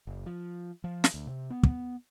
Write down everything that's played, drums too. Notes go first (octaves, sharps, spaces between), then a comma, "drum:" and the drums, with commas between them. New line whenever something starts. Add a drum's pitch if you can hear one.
F#1
F3
F3
drum: snare
D2
C3
B3
drum: kick